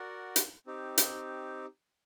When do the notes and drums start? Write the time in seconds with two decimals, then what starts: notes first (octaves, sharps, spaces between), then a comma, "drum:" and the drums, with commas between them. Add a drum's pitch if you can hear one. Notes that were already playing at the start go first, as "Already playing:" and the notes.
Already playing: F#4 A#4 D5 F#5
0.36 drum: hi-hat
0.67 C4 D#4 G4
0.98 drum: hi-hat